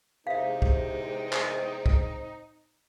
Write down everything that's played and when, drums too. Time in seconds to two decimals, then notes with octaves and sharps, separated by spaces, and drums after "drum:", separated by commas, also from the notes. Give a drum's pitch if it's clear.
0.27 E2 C3 G#3 C4 D#4 E5 F5
0.62 drum: kick
1.33 drum: clap
1.44 D#5
1.86 drum: kick